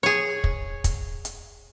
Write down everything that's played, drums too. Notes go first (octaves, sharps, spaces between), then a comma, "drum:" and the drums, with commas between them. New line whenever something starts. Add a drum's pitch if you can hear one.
G#4 C#5
drum: kick
drum: kick, hi-hat
drum: hi-hat